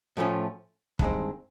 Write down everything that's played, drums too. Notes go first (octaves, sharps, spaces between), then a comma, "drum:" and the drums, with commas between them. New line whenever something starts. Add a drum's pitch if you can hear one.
A2 F3 A3 C#4 F4
G2 D#3 G#3 C4, drum: kick